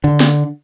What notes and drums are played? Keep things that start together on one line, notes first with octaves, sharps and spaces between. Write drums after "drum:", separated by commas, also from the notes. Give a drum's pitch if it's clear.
D3
drum: snare